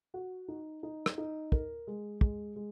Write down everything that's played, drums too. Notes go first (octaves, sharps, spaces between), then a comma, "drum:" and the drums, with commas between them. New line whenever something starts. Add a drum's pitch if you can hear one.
F#4
D#4
D#4
drum: rim click
D#4
A#4, drum: kick
G#3
G#3, drum: kick
G#3